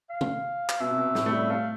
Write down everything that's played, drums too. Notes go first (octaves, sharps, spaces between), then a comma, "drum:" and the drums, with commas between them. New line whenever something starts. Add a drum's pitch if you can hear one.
F5
drum: tom
drum: clap
B2 E5
C3
B2
A2, drum: snare
A3
G3
A3 F5